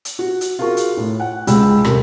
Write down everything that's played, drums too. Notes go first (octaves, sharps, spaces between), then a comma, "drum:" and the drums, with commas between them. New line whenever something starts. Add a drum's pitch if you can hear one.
drum: hi-hat
F#4
drum: hi-hat
F4 F#4 G#4 A#4 C#6
drum: hi-hat
A2
F#5
C#2 G#2 G#3 G5 B5 E6, drum: hi-hat
D#1 C3 A#4, drum: rim click